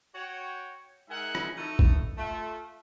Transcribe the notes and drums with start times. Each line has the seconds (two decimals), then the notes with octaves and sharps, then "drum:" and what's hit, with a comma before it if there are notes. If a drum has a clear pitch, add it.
0.15 F#4 C#5 G5
1.09 G#3 D#4 A#4 E5 F#5 G#5
1.35 drum: rim click
1.57 D#4 E4 F#4 A4
1.79 drum: kick
2.18 A3 F4